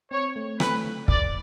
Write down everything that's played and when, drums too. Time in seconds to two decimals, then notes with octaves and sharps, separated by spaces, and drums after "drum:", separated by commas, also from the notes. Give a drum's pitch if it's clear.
0.11 C4 C#5
0.36 A3
0.60 A3 B4, drum: rim click
0.85 D3
1.08 D#2 D5, drum: kick